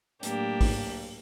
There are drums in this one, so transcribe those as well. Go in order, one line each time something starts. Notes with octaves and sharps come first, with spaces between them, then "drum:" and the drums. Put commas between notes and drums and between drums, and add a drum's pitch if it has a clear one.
A2 F#3 A#3 D4 G4, drum: hi-hat
drum: kick, open hi-hat